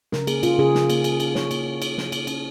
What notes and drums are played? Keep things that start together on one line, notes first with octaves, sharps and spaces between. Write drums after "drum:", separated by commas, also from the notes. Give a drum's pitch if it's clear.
C#3 A#4, drum: snare
A#3 G#4, drum: cymbal
C#4 F4, drum: cymbal
C#3 G#4
C#3, drum: snare
A#3, drum: cymbal
C#4, drum: cymbal
C#3, drum: cymbal
C#3 C#5, drum: snare
A#3, drum: cymbal
C#4
C#3, drum: cymbal
C#3, drum: snare
A#3, drum: cymbal
C#4, drum: cymbal